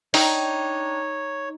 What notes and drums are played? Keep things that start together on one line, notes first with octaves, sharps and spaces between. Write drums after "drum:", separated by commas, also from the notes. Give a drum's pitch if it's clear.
D4 D#4 C#5 G5, drum: open hi-hat